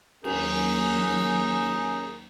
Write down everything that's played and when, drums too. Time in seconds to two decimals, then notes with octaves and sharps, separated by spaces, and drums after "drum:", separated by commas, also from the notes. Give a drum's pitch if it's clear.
0.24 D#2 F#3 C#4 D#4 G#4 A#4, drum: cymbal